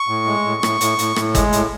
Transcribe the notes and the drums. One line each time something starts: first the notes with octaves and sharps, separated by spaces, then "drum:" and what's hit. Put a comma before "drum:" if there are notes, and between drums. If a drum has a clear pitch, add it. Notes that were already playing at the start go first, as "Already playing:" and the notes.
Already playing: C#6
A2
G#3
A2
A2, drum: rim click
A2, drum: hi-hat
A2, drum: hi-hat
A2, drum: rim click
G#3, drum: kick, hi-hat
A2, drum: hi-hat